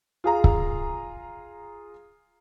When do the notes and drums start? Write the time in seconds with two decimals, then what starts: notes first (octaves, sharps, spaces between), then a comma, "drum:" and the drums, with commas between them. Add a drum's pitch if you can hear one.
0.24 F4 G#4 A#5
0.44 drum: kick C#1